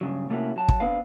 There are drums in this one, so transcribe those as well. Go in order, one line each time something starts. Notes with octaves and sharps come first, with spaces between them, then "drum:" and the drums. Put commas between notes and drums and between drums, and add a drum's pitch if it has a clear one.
G2 C#3 F#3
C3 A3 A#3 C#4 E4 F#4
F#3 A5
drum: kick
B3 C4 D4 B4 F5